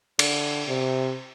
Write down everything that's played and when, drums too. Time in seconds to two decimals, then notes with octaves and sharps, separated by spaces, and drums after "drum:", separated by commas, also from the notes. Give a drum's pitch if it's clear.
0.19 D3, drum: cymbal
0.68 C3